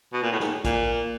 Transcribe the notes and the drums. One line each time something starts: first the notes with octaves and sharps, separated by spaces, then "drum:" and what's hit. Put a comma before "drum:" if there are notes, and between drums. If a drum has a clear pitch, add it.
B2
A#2
A2
G#2, drum: snare
A#2, drum: kick, hi-hat